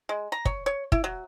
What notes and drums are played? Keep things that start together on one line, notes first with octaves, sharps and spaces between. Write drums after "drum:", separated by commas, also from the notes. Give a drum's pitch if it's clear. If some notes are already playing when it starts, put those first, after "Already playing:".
G#3
A#5
C#5, drum: kick
C#5
E4, drum: kick
F#3